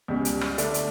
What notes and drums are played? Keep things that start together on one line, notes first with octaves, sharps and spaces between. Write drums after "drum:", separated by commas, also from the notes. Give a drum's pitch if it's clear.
C#2 B2 G3 C#4
drum: hi-hat
drum: rim click
D3 A3 D4, drum: hi-hat
drum: hi-hat